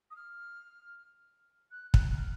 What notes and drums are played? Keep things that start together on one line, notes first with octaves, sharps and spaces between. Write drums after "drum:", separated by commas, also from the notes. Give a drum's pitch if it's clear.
D#6
F6
F#6
F#6, drum: kick
F6